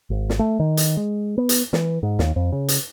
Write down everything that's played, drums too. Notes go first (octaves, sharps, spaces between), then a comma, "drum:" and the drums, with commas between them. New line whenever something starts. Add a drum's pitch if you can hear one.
G#1
drum: snare
A3
D#3
drum: hi-hat
G#3
B3
drum: hi-hat
E3, drum: snare
G#2
D#2, drum: snare
F2
C#3
drum: hi-hat